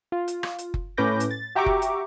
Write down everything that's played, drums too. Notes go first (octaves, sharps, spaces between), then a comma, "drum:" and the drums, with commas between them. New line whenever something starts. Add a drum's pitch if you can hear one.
F4
drum: hi-hat
drum: rim click
drum: hi-hat
drum: kick F#1
A2 C#4 B4 D6 G6 A#6
drum: hi-hat
A6
F#4 G4 E5 A#5 C#6 D6
drum: kick F#1
drum: hi-hat